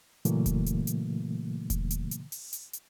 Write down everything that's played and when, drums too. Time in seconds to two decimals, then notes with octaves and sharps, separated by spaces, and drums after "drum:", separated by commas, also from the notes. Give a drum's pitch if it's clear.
0.25 A#2 C#3 E3 F#3 A3 A#3, drum: hi-hat
0.46 drum: kick E1, hi-hat
0.66 drum: hi-hat
0.87 drum: hi-hat
1.70 drum: kick E1, hi-hat
1.91 drum: hi-hat
2.11 drum: hi-hat
2.32 drum: open hi-hat
2.53 drum: hi-hat
2.73 drum: hi-hat